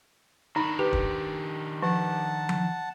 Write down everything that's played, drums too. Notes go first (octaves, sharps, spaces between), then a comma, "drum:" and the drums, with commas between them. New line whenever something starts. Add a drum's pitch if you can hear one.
D#3 D4 D#4 A#5 B5
G4 B4
drum: kick
F3 F#5 A5
drum: tom F3